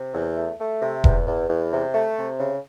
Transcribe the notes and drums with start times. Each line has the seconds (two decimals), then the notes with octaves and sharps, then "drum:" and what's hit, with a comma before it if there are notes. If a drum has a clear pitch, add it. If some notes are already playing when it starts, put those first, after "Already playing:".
Already playing: C3
0.14 E2
0.37 A3
0.59 A3
0.82 C3
1.04 E2, drum: kick E1
1.27 E2
1.49 E2
1.72 C3
1.94 A3
2.17 C3
2.40 C#3